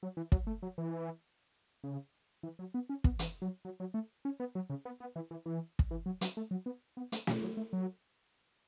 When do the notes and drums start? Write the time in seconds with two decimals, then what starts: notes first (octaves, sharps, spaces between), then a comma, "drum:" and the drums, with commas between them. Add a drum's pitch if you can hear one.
0.03 F#3
0.17 E3
0.32 F#3, drum: kick
0.47 A3
0.63 F#3
0.78 E3
1.84 C#3
2.43 E3
2.59 F#3
2.74 B3
2.89 C#4
3.04 B3, drum: kick
3.19 E3, drum: hi-hat
3.42 F#3
3.65 F#3
3.80 F#3
3.94 A3
4.25 C#4
4.40 B3
4.55 F#3
4.70 C#3
4.85 B3
5.00 B3
5.16 E3
5.31 E3
5.46 E3
5.79 drum: kick
5.91 E3
6.06 F#3
6.21 F#3, drum: hi-hat
6.37 A3
6.51 F#3
6.66 B3
6.97 B3
7.12 A3, drum: hi-hat
7.27 F#3, drum: snare
7.42 F#3
7.57 A3
7.73 F#3